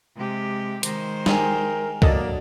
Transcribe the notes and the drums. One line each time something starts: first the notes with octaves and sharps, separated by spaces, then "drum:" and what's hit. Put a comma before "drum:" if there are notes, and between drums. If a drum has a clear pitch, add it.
C3 G#3 G4
D#3 G#3 C5, drum: hi-hat
D#4 G4 G#4 A#4, drum: snare
F#3 A#3 D4 A4 D#5 A5, drum: kick C#2